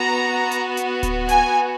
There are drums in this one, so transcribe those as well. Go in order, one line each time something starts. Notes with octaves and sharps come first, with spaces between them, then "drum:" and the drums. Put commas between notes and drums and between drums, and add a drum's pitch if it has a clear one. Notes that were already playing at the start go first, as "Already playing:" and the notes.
Already playing: B3 F#4 A#5
drum: hi-hat
drum: hi-hat
drum: kick D1, hi-hat
G#5, drum: hi-hat